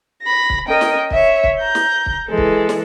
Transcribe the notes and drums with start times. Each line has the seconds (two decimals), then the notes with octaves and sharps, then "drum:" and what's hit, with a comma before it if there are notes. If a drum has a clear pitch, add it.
0.23 B5 A#6
0.50 drum: kick
0.67 C#4 A#4 D#5 G5
0.81 drum: snare
1.11 C#5 E5, drum: kick
1.44 drum: kick
1.59 A#5 G6
1.75 drum: snare
2.06 drum: kick
2.27 E3 G#3 A4
2.38 drum: kick
2.69 drum: snare